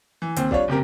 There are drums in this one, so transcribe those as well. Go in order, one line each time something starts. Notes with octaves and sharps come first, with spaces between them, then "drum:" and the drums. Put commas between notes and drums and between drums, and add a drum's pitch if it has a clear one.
E3
D#2 C4, drum: hi-hat
G3 D4 F4 C#5, drum: kick B1
F#1 C3 G4 A#4